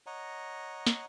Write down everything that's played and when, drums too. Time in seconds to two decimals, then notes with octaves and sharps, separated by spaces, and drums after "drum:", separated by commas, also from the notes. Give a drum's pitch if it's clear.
0.06 C#5 D#5 F#5 A#5
0.87 drum: snare